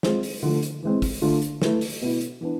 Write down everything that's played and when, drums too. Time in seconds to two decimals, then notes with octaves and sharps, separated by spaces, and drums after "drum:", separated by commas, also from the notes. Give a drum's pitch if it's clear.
0.03 G#3 C4 F4 G#4 C5, drum: snare
0.23 drum: open hi-hat
0.43 D3 F3 A3
0.63 drum: hi-hat
0.82 E3 G#3 C4
1.02 drum: kick, open hi-hat
1.22 D3 A3 D4 F4
1.42 drum: hi-hat
1.62 A3 E4 B4, drum: snare
1.81 drum: open hi-hat
2.01 B2 B3 E4
2.21 drum: hi-hat
2.41 E3 B3 D4